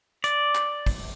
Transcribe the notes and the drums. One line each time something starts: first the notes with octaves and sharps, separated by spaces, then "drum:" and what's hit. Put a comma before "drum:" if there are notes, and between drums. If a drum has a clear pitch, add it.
D5, drum: hi-hat
drum: clap
drum: kick, open hi-hat